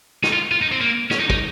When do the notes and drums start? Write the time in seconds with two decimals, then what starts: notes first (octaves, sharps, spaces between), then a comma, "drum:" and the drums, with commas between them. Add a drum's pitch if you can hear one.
0.23 D#4, drum: snare
0.33 F4
0.51 F4
0.62 D#4
0.72 C4
0.81 A#3
1.11 C#4, drum: snare
1.20 D#4
1.30 D#4, drum: kick